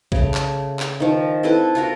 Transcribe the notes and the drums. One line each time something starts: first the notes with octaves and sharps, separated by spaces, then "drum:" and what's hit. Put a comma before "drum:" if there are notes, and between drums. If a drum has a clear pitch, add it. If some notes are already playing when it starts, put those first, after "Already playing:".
C#3 A3, drum: kick A#1
drum: clap
drum: clap
D#3 F3
C4 E4 A4 B4
F4 F#4 A#4